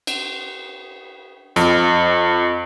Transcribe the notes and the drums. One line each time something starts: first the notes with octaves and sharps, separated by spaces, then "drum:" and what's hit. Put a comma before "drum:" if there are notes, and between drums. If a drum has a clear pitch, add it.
drum: cymbal
F2, drum: hi-hat